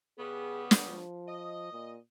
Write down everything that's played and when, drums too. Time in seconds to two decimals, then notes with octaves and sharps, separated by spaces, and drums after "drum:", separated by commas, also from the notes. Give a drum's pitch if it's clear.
0.19 C#3 G3 B3 G#4
0.71 drum: snare
0.86 F3
1.28 D#5
1.72 A#2